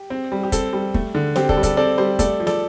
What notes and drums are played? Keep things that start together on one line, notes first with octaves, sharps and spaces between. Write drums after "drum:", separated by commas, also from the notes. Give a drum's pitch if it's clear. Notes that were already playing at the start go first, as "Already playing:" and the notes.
Already playing: G4
C4
G3
G4
C4 A4, drum: kick, hi-hat
G3
A3, drum: kick
D3
C4 G4 C5, drum: snare
A4 D5, drum: kick
G3
A4 D5, drum: kick, hi-hat
C4 A4 D5
G3 G4 C5
A3 A4 D5, drum: kick, hi-hat
F3
A4 D5, drum: snare